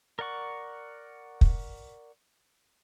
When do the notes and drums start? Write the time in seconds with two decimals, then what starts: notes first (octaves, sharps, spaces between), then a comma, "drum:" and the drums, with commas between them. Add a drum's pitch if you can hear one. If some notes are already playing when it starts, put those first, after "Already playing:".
0.19 A#4 D5 F#5 C#6
1.41 drum: kick